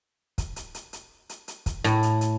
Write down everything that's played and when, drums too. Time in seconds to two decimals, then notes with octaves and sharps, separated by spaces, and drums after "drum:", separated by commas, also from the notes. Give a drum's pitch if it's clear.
0.38 drum: kick, hi-hat
0.56 drum: hi-hat
0.75 drum: hi-hat
0.93 drum: hi-hat
1.29 drum: hi-hat
1.48 drum: hi-hat
1.66 drum: kick, hi-hat
1.84 A2, drum: hi-hat
2.03 drum: hi-hat
2.21 drum: hi-hat